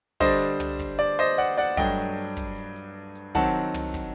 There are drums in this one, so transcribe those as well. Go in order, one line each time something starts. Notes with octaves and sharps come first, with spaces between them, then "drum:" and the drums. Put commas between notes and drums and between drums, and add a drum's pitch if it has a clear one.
D3 G3 D4 C5 D#5, drum: kick, hi-hat
drum: tom
drum: kick
D5, drum: hi-hat
C5 D#5, drum: hi-hat
D5 F#5
D5 F#5, drum: hi-hat
G2 F#3 A3 D4 D#5 G5, drum: kick
drum: kick, open hi-hat
drum: hi-hat
drum: hi-hat
drum: hi-hat
D#3 F#3 C4 F#5 A5, drum: kick, hi-hat
drum: tom
drum: kick, open hi-hat